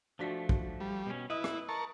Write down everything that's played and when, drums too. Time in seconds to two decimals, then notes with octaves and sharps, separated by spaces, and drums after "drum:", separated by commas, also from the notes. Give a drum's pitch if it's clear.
0.19 F3 A3 D4 F#4 B6
0.49 drum: kick
0.80 G3
1.06 B2 C#4
1.30 E4 B4 D#5 D#6
1.44 drum: rim click
1.69 A#4 A5 C#6